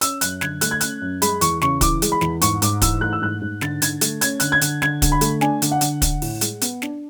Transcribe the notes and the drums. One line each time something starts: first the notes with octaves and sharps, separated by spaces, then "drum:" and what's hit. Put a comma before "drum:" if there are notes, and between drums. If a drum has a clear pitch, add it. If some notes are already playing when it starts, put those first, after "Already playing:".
C#4 E6, drum: hi-hat
F#2 F#6, drum: hi-hat
D3 G#6, drum: snare
A3 F#6, drum: hi-hat
G#6
C#4 F#6, drum: hi-hat
F#2
G#3 B5, drum: hi-hat
E2 C#6, drum: hi-hat
C#3 C#6, drum: snare
E3 D6, drum: kick, hi-hat
G#3, drum: hi-hat
B5
E2, drum: snare
G#2 C#6, drum: hi-hat
G#2 D6, drum: hi-hat
E3 E6, drum: kick, hi-hat
A3 F#6
E6
G#2 F#6
G#2
D3 A6, drum: snare
D3 G#6, drum: hi-hat
A3, drum: hi-hat
C#4 G#6, drum: hi-hat
D3 F#6, drum: hi-hat
G#6
D3, drum: hi-hat
D3 G#6, drum: snare
D3, drum: kick, hi-hat
B5
A3, drum: hi-hat
D4 G#5, drum: snare
D3, drum: hi-hat
F#5
D3, drum: hi-hat
D4, drum: kick, hi-hat
A2, drum: open hi-hat
G#3, drum: hi-hat
B3, drum: hi-hat
D4, drum: snare